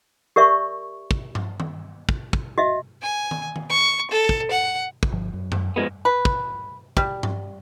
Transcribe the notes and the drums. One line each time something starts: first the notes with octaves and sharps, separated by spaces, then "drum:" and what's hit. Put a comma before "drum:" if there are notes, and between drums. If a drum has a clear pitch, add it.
G4 A#4 D5 E5 C#6
drum: kick
drum: tom G2
drum: tom D#3
drum: kick
drum: kick
F#4 D#5 E5
G#5
drum: tom D#3
drum: tom D#3
C#6
A4
drum: kick
F#5
drum: kick
G1 F3
F#2
drum: tom F#2
F3 G#3 B3
B4
drum: kick
G3, drum: kick
drum: tom G2